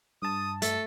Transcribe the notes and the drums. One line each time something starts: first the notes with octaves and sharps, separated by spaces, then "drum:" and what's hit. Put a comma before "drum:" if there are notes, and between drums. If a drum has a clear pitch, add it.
G2 A5 D#6
A3 A4, drum: hi-hat